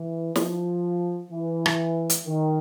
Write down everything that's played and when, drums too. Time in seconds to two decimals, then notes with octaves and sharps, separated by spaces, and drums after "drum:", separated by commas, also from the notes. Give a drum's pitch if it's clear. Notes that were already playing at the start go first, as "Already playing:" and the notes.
Already playing: E3
0.36 F3, drum: snare
1.31 E3
1.66 drum: rim click
2.10 drum: hi-hat
2.26 D#3